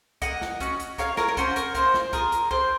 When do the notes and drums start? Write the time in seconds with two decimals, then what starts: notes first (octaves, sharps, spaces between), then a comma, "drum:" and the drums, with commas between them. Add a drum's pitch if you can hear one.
0.22 A#3 D#5 F#5, drum: kick, hi-hat
0.41 drum: snare
0.60 C#4 F#4, drum: kick, hi-hat
0.80 drum: hi-hat
0.98 A#3 C#5 F5, drum: kick, hi-hat
1.17 A#4 C#5, drum: snare
1.28 A#4
1.37 C#4 F#4 C5, drum: kick, hi-hat
1.56 A#4, drum: hi-hat
1.75 A#3 C5, drum: kick, hi-hat
1.94 drum: snare
2.13 F4 G#4 A#4, drum: kick, hi-hat
2.32 drum: hi-hat
2.51 A#3 C5, drum: kick